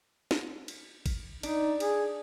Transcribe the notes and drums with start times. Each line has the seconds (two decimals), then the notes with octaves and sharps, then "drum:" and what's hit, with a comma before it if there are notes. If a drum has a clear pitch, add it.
0.31 drum: snare
0.68 drum: cymbal
1.06 drum: kick G#1, cymbal
1.43 D4 D#4, drum: cymbal
1.80 G#4, drum: cymbal